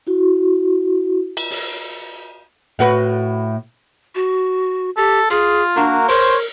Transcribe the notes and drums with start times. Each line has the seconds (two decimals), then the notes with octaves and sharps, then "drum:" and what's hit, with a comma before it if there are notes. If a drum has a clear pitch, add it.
0.07 E4 F#4
1.37 drum: cymbal
1.50 drum: open hi-hat
2.79 A2 F#4 B4
4.15 F#4
4.97 G4 A4
5.30 F4 G#4, drum: hi-hat
5.76 A#3 D4 F#4 A#4
6.08 A#4 C5 C#5, drum: open hi-hat